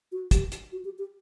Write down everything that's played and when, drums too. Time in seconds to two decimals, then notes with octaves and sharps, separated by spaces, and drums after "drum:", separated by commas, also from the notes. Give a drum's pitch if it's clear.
0.12 F#4
0.31 G4, drum: kick, hi-hat
0.52 drum: hi-hat
0.72 F#4
0.85 G4
0.99 G4